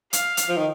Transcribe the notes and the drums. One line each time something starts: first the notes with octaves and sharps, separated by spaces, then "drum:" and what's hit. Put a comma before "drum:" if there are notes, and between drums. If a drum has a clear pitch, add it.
F5, drum: hi-hat
drum: hi-hat
F3
D#3